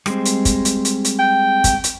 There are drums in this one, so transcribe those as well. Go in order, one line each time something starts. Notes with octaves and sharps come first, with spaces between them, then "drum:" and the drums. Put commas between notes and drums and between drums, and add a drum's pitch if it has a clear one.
G3 G#3 C4, drum: rim click
drum: hi-hat
drum: kick, hi-hat
drum: hi-hat
drum: hi-hat
drum: hi-hat
G5
drum: kick, hi-hat
drum: hi-hat